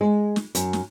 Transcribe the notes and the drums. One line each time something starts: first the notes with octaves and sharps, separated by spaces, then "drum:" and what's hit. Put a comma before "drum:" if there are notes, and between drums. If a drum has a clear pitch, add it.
G#3
drum: snare
F#2, drum: hi-hat
drum: snare